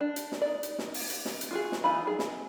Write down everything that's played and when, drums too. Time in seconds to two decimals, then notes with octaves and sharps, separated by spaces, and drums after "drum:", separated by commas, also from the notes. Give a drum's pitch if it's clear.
0.01 D4
0.16 drum: hi-hat
0.32 drum: snare
0.42 D#4 D5
0.63 drum: hi-hat
0.79 drum: snare
0.94 drum: open hi-hat
1.10 drum: hi-hat
1.25 drum: snare
1.41 drum: hi-hat
1.51 F4 F#4 G#4
1.72 drum: snare
1.84 E3 D#4 F4 B5
2.07 F#3 G#4
2.19 drum: snare